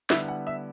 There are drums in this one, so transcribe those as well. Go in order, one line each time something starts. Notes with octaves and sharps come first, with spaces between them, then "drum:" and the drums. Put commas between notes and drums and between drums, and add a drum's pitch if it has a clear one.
D3 G3 B3 E4 E5, drum: snare
F#5
E5